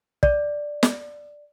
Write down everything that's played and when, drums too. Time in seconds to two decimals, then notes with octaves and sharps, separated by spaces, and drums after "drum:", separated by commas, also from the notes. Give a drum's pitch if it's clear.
0.23 D5, drum: kick
0.83 drum: snare